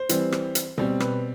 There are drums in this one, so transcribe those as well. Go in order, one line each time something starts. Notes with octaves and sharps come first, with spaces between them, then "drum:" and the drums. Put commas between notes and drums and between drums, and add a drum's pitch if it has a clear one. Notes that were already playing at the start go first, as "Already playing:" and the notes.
Already playing: C5
E3 G3 C4, drum: hi-hat
drum: rim click
drum: hi-hat
B2 G3 C4, drum: tom B2
B4, drum: rim click